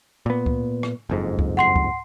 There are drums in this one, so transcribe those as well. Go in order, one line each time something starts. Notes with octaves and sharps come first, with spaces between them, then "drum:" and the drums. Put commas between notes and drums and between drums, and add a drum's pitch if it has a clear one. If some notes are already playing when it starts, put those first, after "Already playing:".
A#2 B3
drum: kick C#2
drum: rim click
F#1 F2 G#2
drum: kick C#2
F#5 C6 C7
drum: kick C#2